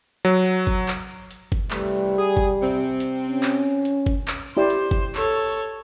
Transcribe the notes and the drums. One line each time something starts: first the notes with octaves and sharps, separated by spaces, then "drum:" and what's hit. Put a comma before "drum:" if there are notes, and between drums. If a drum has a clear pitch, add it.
F#3
drum: hi-hat
drum: kick G1
drum: clap
drum: hi-hat
drum: kick G1
C3 E3 G3 A3, drum: clap
G#4
drum: kick G1
C3 C4
drum: hi-hat
C#4
drum: clap
drum: hi-hat
drum: kick G1
drum: clap
E4 G4 C5 D5
drum: hi-hat
drum: kick G1
A4 C#5, drum: clap